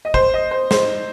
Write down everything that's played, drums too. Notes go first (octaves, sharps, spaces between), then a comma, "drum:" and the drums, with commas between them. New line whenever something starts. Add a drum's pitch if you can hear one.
D#5
C5, drum: kick
D#5
C5
C5, drum: snare